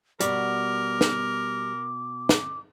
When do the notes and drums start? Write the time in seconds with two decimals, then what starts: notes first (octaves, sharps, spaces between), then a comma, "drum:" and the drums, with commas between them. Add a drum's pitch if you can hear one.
0.20 B2 G3 F#4 A#4 D6, drum: hi-hat
1.01 drum: snare
2.29 drum: snare